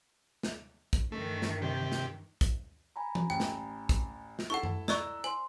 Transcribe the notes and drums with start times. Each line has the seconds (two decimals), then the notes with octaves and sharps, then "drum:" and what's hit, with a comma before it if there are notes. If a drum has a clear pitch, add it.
0.43 drum: snare
0.93 drum: kick, hi-hat
1.12 G2 D#3 E3 A3
1.42 drum: snare
1.62 C3 G4
1.92 drum: snare
2.41 drum: kick, hi-hat
2.96 G#5 A#5 B5
3.15 drum: tom E3
3.30 A1 G5
3.40 drum: snare
3.89 drum: kick, hi-hat
4.39 drum: snare
4.50 E4 A4 F#5 A5 C#6
4.63 drum: tom F#2
4.88 D5 D#5 A#5 C#6 E6 F#6, drum: snare
5.24 C5 G#5 C6 F#7